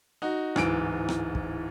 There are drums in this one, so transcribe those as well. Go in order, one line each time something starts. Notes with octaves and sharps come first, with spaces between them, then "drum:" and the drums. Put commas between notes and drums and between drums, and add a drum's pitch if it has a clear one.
D#4 F#4
D1 G#2 E3 D7, drum: rim click
drum: rim click
drum: kick